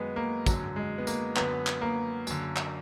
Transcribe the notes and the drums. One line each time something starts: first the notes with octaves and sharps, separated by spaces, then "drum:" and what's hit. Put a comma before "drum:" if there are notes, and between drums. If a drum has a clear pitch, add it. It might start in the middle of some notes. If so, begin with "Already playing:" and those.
Already playing: F#2 D#3 G#3 B3
A#3
F#2 D3 F#3, drum: kick, tambourine
G#3
B3
A#3, drum: tambourine
F#2 D3 B3, drum: clap
drum: clap
A#3
F#2 D3, drum: tambourine
drum: clap